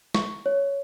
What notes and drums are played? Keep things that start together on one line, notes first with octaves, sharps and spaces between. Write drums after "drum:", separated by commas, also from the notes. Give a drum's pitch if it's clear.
C#6, drum: snare
C#5